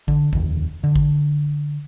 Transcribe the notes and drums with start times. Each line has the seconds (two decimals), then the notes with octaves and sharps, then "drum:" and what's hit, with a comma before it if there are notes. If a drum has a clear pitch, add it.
0.08 D3, drum: kick A1
0.33 F1 D#2, drum: kick A1
0.84 D3
0.96 drum: kick A1